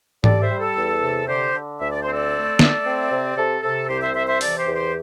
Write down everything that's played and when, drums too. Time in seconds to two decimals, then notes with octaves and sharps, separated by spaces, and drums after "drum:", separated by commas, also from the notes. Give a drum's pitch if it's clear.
0.24 G3 A4 D5, drum: tom G#2
0.42 C5 E5
0.51 G3
0.60 A4
0.77 E2
1.03 C3
1.28 D3 G4 C5
1.55 D3
1.80 D2 E5
1.92 D5
2.03 C4 C5
2.13 A4 D5
2.32 A3
2.59 A3, drum: snare
2.85 C4
3.11 C3
3.36 C3 A4
3.63 C3 A4
3.89 C2 G4 C5
4.02 C5 E5
4.15 C3 C5 E5
4.28 C5 E5
4.41 E3 A4 D5, drum: open hi-hat
4.58 G4 C5
4.67 E2
4.75 G4 C5